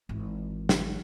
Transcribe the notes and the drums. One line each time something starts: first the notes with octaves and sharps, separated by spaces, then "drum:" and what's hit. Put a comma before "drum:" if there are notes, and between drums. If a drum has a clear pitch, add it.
G#1 E3
drum: snare